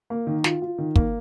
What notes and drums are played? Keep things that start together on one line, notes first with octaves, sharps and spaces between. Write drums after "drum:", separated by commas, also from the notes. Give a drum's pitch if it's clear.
A#3
D#3
F4, drum: snare
F4
D#3
A#3, drum: kick